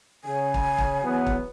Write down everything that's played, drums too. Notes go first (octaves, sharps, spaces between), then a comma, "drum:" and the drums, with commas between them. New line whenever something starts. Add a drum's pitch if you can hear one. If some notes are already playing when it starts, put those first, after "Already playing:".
C#3 G#5
drum: kick
drum: kick
E2 F#3 B3
drum: kick